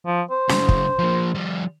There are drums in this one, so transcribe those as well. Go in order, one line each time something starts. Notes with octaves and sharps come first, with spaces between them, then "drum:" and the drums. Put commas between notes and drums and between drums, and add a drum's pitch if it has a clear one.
F3
C5
C#3 F#3, drum: snare
drum: kick
F3 A#3
F3 G3